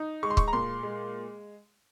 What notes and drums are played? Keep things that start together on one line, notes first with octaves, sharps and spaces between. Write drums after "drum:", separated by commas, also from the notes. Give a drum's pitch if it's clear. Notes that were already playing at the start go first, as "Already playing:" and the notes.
Already playing: D#4
G#3 C#6
C6
C#6, drum: kick
A#5
A#2 C6
G#3